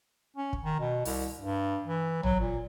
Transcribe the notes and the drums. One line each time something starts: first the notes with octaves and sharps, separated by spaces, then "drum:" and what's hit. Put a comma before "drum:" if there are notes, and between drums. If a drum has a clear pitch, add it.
C#4
drum: kick
D#3
B2
C2, drum: open hi-hat
G2
E3
F#3, drum: tom
A#2